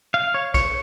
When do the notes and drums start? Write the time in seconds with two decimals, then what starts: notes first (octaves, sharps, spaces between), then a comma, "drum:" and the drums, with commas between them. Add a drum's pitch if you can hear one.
0.14 F5
0.34 C#5
0.54 C#5, drum: kick, cymbal